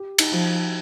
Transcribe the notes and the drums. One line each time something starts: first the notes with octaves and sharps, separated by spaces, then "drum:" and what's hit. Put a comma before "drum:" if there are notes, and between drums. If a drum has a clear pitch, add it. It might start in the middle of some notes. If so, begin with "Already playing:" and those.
Already playing: G4
D#4, drum: cymbal
F3